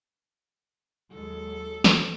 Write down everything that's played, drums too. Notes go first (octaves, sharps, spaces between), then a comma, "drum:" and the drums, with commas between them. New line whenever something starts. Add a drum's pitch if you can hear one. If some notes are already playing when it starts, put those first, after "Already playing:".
D#2 F#3 G#3 A4
drum: snare